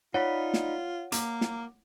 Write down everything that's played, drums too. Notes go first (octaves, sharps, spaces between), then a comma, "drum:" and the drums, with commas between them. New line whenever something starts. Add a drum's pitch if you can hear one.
D#4 F4 C#5 D5 F#5 B5
drum: snare
A#3 D6, drum: hi-hat
drum: snare